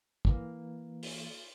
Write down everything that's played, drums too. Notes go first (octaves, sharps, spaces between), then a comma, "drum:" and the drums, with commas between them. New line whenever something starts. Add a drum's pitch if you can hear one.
E3 A#3, drum: kick
drum: open hi-hat